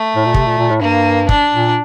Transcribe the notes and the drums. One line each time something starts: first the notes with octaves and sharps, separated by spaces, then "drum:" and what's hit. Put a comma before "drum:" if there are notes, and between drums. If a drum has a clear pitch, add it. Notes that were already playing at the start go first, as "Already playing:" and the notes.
Already playing: A3
A2
A#2
C3, drum: kick
A#2
A#2
A2
G2 A#3
D4, drum: kick
A#2